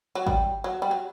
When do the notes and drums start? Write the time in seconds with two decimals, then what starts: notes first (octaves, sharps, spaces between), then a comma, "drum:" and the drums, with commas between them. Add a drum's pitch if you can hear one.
0.15 F#3
0.27 G3, drum: kick G#1
0.64 F#3
0.82 G3
0.91 F#3